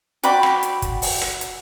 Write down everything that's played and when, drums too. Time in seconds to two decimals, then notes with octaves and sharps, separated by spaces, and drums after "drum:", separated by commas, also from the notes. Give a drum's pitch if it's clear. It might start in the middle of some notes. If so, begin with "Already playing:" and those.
0.23 F#4 D5 G5 B5, drum: hi-hat
0.43 drum: rim click
0.63 drum: hi-hat
0.82 drum: kick, hi-hat
1.02 drum: open hi-hat
1.22 drum: rim click
1.41 drum: hi-hat